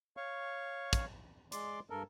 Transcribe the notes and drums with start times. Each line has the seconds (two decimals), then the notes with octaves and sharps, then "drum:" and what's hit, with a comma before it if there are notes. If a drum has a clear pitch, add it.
0.17 C#5 F5 C#6
0.93 drum: kick, hi-hat
1.52 G#3 D5 C6 D6, drum: hi-hat
1.90 G2 A4 A#4